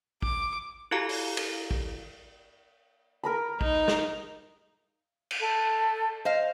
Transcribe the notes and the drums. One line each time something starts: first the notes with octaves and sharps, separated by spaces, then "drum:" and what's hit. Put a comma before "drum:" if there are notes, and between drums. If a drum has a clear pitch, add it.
D6, drum: kick
E4 F#4 G4 A4 F5 A#5
drum: open hi-hat
drum: cymbal
drum: kick
A#4 A#5 B5
D#4, drum: kick
drum: snare
drum: cymbal
A4
C5 D#5 F5